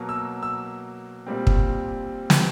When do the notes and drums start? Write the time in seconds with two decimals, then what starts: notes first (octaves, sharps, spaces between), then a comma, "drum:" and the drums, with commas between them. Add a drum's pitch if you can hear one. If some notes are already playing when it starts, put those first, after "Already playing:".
Already playing: B2 F#3 A#3
0.09 E6
0.43 E6
1.26 A#2 G3 C4
1.47 drum: kick
2.30 drum: snare